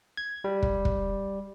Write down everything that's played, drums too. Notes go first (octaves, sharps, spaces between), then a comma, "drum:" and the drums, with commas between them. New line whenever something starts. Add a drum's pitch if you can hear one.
G#6
G3
drum: kick
drum: kick